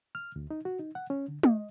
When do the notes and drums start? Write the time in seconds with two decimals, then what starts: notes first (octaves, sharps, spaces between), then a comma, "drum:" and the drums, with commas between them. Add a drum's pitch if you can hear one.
0.15 F6
0.36 D2
0.50 D#4
0.65 F#4
0.80 D#4
0.95 F#5
1.10 C#4
1.28 D3
1.43 D#5, drum: tom